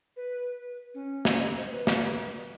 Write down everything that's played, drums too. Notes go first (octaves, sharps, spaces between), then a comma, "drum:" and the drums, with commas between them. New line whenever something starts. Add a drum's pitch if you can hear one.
B4
C#4
drum: snare
D#5
C5
B4
drum: snare